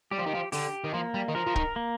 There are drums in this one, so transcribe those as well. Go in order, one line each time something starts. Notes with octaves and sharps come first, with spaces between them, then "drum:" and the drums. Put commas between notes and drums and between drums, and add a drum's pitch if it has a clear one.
G3 G4
F3
D#3
F3
D3 G4, drum: open hi-hat
D#3
F3 A#3
G3
D#3
F3 A#4
F3
D#3, drum: kick
A#3